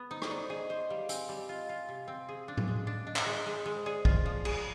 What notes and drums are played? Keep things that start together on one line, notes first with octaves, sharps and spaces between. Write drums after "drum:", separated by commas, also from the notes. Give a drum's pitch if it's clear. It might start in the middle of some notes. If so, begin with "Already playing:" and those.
Already playing: B3
D#4 C5
C5, drum: rim click
D#4 D5
G#4 D#5
C5 D#5
G3 F5
C4 G#5, drum: hi-hat
G3 G#5
D#5
F4 F5
F4
C3
C4
G#4
D4
drum: tom A2
G#3
D4
D4 D#5
drum: clap
G#3
G#3
G#3
C5
G#4 D5
F4, drum: kick
F3
G#4, drum: cymbal